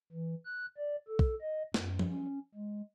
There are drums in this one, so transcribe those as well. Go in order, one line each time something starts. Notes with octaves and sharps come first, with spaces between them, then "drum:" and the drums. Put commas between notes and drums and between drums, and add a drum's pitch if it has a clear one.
E3
F#6
D5
A4
drum: kick
D#5
F#2, drum: snare
drum: tom F3
C#4
G#3